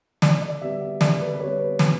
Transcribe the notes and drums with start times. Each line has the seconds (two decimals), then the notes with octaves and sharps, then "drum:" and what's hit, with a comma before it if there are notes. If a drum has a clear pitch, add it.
0.22 D3 D5, drum: snare
0.42 D5
0.61 G3 B3 E5
0.81 E5
1.01 D3 D5, drum: snare
1.20 B4
1.35 B4
1.40 G3 B3 C#5
1.60 B4
1.79 B2, drum: snare